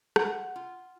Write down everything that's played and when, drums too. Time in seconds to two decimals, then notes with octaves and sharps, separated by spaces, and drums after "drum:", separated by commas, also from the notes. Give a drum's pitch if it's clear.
0.16 F#5, drum: rim click
0.56 F4